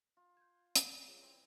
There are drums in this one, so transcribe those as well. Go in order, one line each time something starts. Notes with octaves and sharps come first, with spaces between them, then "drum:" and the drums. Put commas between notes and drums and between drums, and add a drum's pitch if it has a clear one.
F4
G6 G#6
drum: hi-hat
F4 G#4 C#5
E3 C4